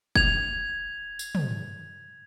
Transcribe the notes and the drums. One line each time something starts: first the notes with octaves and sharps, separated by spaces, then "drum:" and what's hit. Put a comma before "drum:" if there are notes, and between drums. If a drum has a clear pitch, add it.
G#6 F7, drum: kick
drum: tambourine
drum: tom